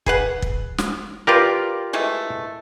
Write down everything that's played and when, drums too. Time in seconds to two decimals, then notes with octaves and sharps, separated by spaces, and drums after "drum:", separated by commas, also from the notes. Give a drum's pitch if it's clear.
0.06 G#4 B4 F#5, drum: kick
0.42 drum: kick
0.78 drum: snare
1.27 F4 G4 A#4 B4 D5
1.93 E3 G#3 A3